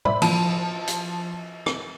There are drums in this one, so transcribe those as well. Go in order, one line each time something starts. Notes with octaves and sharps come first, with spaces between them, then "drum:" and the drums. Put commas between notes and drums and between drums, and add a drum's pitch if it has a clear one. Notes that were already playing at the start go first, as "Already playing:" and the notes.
C5 D5 E5 B5, drum: tom A2
F3 A5 D#7, drum: cymbal
drum: hi-hat
drum: rim click